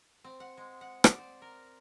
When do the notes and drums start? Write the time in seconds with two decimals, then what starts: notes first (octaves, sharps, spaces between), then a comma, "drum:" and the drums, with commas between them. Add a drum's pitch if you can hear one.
0.24 C4
0.40 F#5
0.57 G#3
0.81 F#5
1.04 D5, drum: rim click
1.18 C4
1.42 A#4